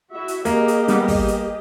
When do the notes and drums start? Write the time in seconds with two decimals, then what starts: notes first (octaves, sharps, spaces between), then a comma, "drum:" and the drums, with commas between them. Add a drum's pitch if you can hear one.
0.14 E4 F#4 E5
0.28 drum: hi-hat
0.45 A#3 G4 G#4 D#5, drum: hi-hat
0.68 drum: hi-hat
0.88 G3 B3, drum: hi-hat
1.08 drum: kick, open hi-hat
1.28 drum: hi-hat